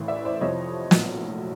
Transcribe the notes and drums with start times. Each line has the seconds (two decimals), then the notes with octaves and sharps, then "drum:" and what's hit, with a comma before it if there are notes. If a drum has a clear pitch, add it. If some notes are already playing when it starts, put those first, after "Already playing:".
Already playing: A1 A2 E3
0.08 D5 E5
0.25 C5 D5
0.41 F2 C3 F3 C#5 D#5
0.91 A#1 A2 F#3, drum: snare